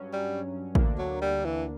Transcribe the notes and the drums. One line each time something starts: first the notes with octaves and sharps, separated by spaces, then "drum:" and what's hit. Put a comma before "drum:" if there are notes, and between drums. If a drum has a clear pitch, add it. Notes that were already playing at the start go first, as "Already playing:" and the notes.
Already playing: G2 F#3 C#4
G3
D2 D3 A#3 D4, drum: kick A1
F#3
G3
E3